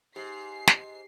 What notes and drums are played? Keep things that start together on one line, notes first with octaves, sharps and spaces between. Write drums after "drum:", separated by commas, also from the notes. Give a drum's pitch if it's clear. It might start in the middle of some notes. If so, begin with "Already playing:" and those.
G#2 G4 C7
drum: snare